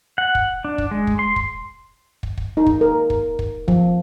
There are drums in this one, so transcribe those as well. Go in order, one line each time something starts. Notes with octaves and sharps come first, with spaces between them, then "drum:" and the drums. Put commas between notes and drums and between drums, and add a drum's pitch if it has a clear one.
F#5
drum: kick
D4
drum: kick
G#3
drum: kick
C6
drum: kick
drum: kick
drum: kick
D#4
drum: kick
A#4
drum: kick
drum: kick
F3, drum: kick